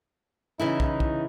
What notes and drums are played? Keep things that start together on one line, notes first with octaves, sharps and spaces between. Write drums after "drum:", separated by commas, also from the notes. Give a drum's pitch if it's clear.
C#3 E3 D#4 E4
drum: kick
drum: kick